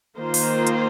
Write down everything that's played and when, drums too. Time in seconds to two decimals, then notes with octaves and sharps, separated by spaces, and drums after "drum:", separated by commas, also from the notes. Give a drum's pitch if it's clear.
0.18 D#3 A#3 F4 C5
0.34 drum: open hi-hat
0.67 drum: hi-hat